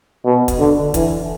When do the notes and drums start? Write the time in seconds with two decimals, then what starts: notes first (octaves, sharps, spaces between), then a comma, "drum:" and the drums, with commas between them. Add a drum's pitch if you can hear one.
0.25 B2
0.48 drum: kick, hi-hat
0.60 D3
0.94 E3, drum: kick, hi-hat